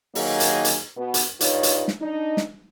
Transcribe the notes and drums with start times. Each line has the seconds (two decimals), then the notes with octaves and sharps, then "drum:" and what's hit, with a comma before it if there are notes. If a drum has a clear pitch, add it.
0.15 D#2 D#3 F#3 A#3 D#4 G#4, drum: open hi-hat
0.40 drum: hi-hat
0.65 drum: hi-hat
0.97 B2 B3
1.14 drum: hi-hat
1.41 G2 D#4 F4 C#5, drum: hi-hat
1.63 drum: hi-hat
1.88 drum: snare
2.01 D4 D#4
2.37 drum: snare